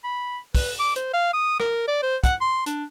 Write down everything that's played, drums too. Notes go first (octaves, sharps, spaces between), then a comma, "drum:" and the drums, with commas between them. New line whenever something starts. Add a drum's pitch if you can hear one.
B5
B4, drum: kick, open hi-hat
D6
C5, drum: hi-hat
F5
D#6
A#4, drum: rim click
D5
C5
F#5, drum: kick, hi-hat
C6
D4, drum: hi-hat